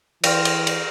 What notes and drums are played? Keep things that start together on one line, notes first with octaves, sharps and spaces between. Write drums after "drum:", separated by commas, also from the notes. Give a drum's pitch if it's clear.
E3 C5 D5 F5 G5 C#6 F6 A#6, drum: cymbal
drum: cymbal
drum: cymbal